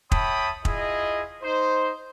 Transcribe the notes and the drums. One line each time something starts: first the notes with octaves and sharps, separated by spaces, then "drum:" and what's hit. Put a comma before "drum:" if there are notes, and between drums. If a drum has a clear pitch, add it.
C#5 E5 G5 A5 B5 D#6, drum: kick
E4 F4 G#4 D#5, drum: kick
D#4 C5